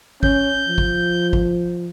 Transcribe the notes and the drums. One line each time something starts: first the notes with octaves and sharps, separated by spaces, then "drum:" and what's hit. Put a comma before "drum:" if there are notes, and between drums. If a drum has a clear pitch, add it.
C#4 G6, drum: kick
F3
drum: kick
drum: kick